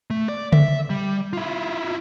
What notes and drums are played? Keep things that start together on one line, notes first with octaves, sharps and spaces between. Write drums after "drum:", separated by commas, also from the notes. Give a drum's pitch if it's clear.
A3
D5
E5, drum: tom C#3
G3
E4 F4